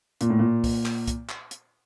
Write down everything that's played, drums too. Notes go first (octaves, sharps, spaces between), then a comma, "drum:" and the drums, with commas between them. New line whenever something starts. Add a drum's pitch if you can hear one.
A#2, drum: hi-hat
A2
A#2
drum: kick, open hi-hat
drum: clap
drum: kick, hi-hat
drum: clap
drum: hi-hat